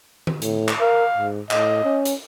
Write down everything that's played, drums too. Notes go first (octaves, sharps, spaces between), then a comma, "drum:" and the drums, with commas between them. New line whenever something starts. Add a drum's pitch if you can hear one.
drum: tom D#3
A2, drum: hi-hat
drum: clap
A#4 F5
G#2
A2 D#5, drum: clap
C#4
drum: hi-hat